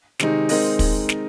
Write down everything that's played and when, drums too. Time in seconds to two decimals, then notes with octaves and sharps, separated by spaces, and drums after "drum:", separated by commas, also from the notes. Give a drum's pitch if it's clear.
0.19 C3 D#3 G#3 D#4, drum: snare
0.49 G#3 C4 D#4 A#4 D#5, drum: open hi-hat
0.79 drum: kick, open hi-hat
1.09 drum: snare